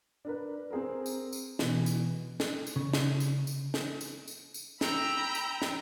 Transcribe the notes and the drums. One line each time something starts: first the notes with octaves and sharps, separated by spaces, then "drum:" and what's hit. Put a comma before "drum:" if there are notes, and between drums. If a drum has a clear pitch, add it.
D4 A#4 B4
C4 G#4 A#4
drum: tambourine
drum: tambourine
B2 E3, drum: snare
drum: tambourine
drum: snare
drum: tambourine
C#3
drum: snare
drum: tambourine
drum: tambourine
drum: snare
drum: tambourine
drum: tambourine
drum: tambourine
G5 A#5 B5 E6, drum: snare
drum: tambourine
drum: snare